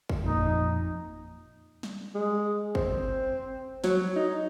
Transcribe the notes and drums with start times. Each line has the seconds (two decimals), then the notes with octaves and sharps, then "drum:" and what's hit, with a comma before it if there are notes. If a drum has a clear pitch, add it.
0.09 drum: kick
0.24 F2 A#2 D#4
1.83 drum: snare
2.15 G#3
2.75 C4, drum: kick
3.84 F#3, drum: snare
4.16 D#4